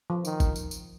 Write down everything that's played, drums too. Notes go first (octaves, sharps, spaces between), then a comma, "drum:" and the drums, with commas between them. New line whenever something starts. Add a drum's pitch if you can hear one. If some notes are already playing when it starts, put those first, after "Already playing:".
F3
D#3, drum: tambourine
drum: kick G1, tambourine
drum: tambourine
drum: tambourine